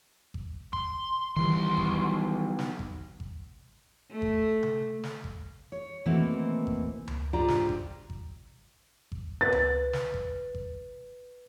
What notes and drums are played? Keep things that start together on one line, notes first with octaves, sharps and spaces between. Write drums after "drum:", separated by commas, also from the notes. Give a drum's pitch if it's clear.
drum: kick G#1
C6, drum: kick G#1
B1 D#3 E3 G3 C6
drum: kick G#1
drum: snare
drum: kick G#1
drum: kick G#1
A3
drum: kick G#1
drum: tom C3
drum: snare
drum: kick G#1
C#5
B2 D#3 E3 A3 A#3 C4
drum: kick G#1
drum: tom C#2
G#2 D4 F4 G4 D5 A#5
drum: snare
drum: kick G#1
drum: kick G#1
drum: kick G#1
B4 A6
drum: tom C#2
drum: snare
drum: kick G#1
drum: kick G#1